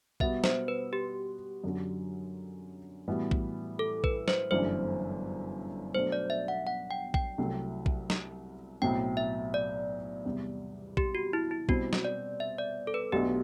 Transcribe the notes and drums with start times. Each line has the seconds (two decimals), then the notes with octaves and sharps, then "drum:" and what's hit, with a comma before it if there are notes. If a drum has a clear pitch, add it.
0.20 B2 G3 B3 F#4 E5, drum: kick A#1
0.44 C5, drum: snare
0.68 B4
0.93 G4
1.64 F#2 D3 F#3
3.08 A2 E3 G3 B3 F#4
3.31 drum: kick A#1
3.79 A4
4.04 B4, drum: kick A#1
4.28 C5, drum: snare
4.51 G1 F#2 E3 A3 D4 C5
5.95 B2 F#3 A3 D4 C5
6.12 D5
6.30 E5
6.48 F#5
6.67 F#5
6.91 G5
7.14 G5, drum: kick A#1
7.38 C2 C3 F#3 A3
7.86 drum: kick A#1
8.10 drum: snare
8.82 B1 A2 F#3 C4 G5
9.17 E5
9.54 D5
10.25 E2 C3 G3
10.97 G4, drum: kick A#1
11.15 F#4
11.33 E4
11.51 E4
11.69 B2 G3 C4 F#4, drum: kick A#1
11.93 drum: snare
12.04 D5
12.40 E5
12.58 D5
12.87 A4
12.94 B4
13.12 B1 B2 A3 D4 F#4 G4